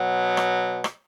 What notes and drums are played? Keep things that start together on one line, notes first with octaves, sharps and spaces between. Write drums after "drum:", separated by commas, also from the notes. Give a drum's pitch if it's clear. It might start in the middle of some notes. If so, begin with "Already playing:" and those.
Already playing: B2 F#3
drum: rim click
drum: rim click